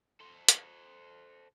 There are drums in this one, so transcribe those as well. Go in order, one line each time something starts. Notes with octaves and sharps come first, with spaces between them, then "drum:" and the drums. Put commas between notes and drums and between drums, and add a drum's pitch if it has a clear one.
A4 C5
drum: hi-hat